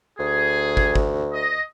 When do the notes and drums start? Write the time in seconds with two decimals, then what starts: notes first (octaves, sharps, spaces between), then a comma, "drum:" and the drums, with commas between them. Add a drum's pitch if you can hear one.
0.19 D2 G#4
0.77 drum: kick
0.95 drum: kick
1.32 D#5